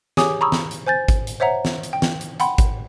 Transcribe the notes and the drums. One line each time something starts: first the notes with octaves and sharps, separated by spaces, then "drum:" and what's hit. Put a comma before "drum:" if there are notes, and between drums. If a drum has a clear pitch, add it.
G4 G#4 C#5 G#5 D6 D#6, drum: snare
A#5 B5 C#6 D#6 E6
drum: snare
drum: hi-hat
C5 G#5 G6 A6
drum: kick G#1, hi-hat
drum: hi-hat
C5 C#5 E5 F#5 A#5
drum: snare
drum: hi-hat
G5
drum: snare
drum: hi-hat
F#5 G5 B5 C6, drum: hi-hat
drum: kick G#1, hi-hat